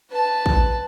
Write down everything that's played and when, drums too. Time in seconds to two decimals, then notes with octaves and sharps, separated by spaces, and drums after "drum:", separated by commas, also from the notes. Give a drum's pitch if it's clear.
0.11 B4 A5
0.46 drum: kick